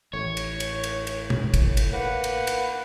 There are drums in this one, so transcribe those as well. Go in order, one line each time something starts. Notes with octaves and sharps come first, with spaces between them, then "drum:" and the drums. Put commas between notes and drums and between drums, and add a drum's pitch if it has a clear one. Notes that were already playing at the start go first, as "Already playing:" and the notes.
A1 A2 C#5
drum: cymbal
drum: cymbal
drum: cymbal
drum: cymbal
drum: tom
drum: kick, cymbal
drum: cymbal
A#3 B4 F#5
drum: cymbal
drum: cymbal